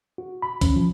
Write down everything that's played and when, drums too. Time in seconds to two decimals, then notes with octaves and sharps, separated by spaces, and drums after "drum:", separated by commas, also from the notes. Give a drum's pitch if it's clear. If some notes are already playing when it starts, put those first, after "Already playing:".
0.18 F#4
0.42 B5
0.61 C#4, drum: kick B1, hi-hat
0.76 F3